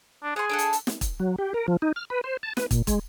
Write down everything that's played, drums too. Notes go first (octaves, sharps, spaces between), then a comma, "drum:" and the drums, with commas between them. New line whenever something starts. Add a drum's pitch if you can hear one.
D4
G#4 F#5 C6
D4 A4 F#5
drum: hi-hat
drum: hi-hat
drum: snare
drum: kick, hi-hat
F#3
G4
A#4
F3
D#4
F6
B4
C5
A5
B4, drum: snare
A#2, drum: kick, hi-hat
G#3, drum: kick, hi-hat